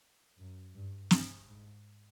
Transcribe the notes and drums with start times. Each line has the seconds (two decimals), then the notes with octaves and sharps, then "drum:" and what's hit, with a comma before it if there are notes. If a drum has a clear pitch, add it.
0.38 F#2
0.74 G2
1.11 G2, drum: snare
1.48 G#2